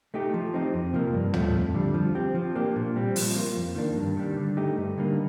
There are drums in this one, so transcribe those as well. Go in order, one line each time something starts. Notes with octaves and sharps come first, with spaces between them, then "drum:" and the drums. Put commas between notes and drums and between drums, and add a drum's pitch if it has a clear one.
A3 D#4 G4
F3
C4 D#4 G4
F2
C3 F3 A#3
G2
F3 A3, drum: tom
F2
D3 G3
F3
C4 G4
F3
A#3 D4 G4
A#2
G3 C4
F3, drum: open hi-hat
A#3 F4
F2
D#3 A#3 D4
G2
D#3 G3 D4
D3
A3 D#4 G4
G2
D3 G3 A#3 D#4